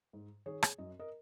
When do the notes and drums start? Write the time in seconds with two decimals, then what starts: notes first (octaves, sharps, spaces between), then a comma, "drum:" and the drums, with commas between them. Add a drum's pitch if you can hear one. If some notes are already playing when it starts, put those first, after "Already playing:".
0.13 G#2
0.46 D#3 G#4 C#5
0.63 drum: rim click
0.78 F#2 D#5
0.99 A#4 D#5